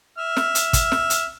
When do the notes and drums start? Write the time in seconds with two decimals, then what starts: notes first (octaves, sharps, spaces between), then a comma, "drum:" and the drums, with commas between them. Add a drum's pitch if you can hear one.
0.18 E5 F6
0.37 drum: snare
0.55 drum: hi-hat
0.73 drum: kick, hi-hat
0.92 drum: snare
1.10 drum: hi-hat